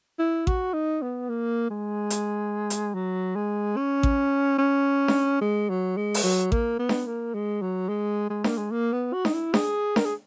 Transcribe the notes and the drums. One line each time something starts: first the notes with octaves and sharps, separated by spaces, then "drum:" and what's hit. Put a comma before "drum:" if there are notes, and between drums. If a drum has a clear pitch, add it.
E4
F#4, drum: kick A1
D#4
B3
A#3
G#3
drum: hi-hat
drum: hi-hat
F#3
G#3
C#4
drum: kick A1
C#4
drum: snare D4
G#3
F#3
G#3
drum: open hi-hat
F#3
A#3, drum: kick A1
B3
drum: snare D4
A#3
G#3
F#3
G#3
G#3
A#3, drum: snare D4
G#3
A#3
B3
F#4
D#4, drum: snare D4
E4
G#4, drum: snare D4
A#4, drum: snare D4
G#4